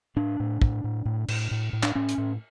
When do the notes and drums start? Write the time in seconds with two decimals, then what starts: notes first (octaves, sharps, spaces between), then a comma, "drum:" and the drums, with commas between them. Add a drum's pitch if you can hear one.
0.16 A2 D4
0.40 A2
0.62 A2, drum: kick
0.84 A2
1.05 A2
1.28 A2, drum: cymbal
1.51 A2
1.73 A2
1.83 D4, drum: clap
1.95 A2 C#4
2.09 drum: hi-hat
2.18 A2